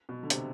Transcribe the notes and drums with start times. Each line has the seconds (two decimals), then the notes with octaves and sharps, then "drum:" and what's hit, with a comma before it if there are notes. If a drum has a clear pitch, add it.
0.09 B2
0.23 D3
0.30 C3, drum: hi-hat